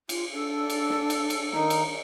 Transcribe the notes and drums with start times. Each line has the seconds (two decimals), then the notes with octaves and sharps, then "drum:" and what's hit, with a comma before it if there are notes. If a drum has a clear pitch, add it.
0.09 F4, drum: cymbal
0.33 D4 A4 E6
0.70 drum: cymbal
0.90 drum: snare
1.10 drum: cymbal
1.30 drum: cymbal
1.53 D#3 D#4, drum: snare
1.70 drum: cymbal